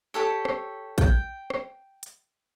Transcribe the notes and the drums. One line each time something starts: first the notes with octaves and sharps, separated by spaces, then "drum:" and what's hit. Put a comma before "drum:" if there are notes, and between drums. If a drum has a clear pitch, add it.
G4 A4 C#5
drum: rim click
G5, drum: kick, hi-hat
drum: rim click
drum: hi-hat